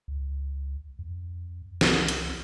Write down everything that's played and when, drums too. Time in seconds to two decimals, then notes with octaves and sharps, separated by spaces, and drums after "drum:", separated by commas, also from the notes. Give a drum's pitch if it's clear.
0.08 C#2
0.99 F2
1.81 C2, drum: snare
2.08 drum: hi-hat